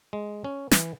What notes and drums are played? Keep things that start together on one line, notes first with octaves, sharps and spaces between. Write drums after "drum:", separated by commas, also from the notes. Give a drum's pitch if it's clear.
G#3
C#4
E3, drum: snare